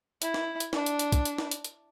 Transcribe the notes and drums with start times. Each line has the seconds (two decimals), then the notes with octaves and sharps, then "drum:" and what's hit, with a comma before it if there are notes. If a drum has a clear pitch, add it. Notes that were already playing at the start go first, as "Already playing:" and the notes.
0.22 E4, drum: hi-hat
0.34 drum: snare
0.60 drum: hi-hat
0.73 D4, drum: snare
0.86 drum: hi-hat
0.99 drum: hi-hat
1.12 drum: kick, hi-hat
1.25 drum: hi-hat
1.38 drum: snare
1.51 drum: hi-hat
1.64 drum: hi-hat